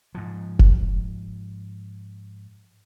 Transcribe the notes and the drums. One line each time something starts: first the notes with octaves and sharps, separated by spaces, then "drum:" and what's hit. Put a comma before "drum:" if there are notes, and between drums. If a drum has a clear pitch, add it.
G#2 F3
drum: kick F1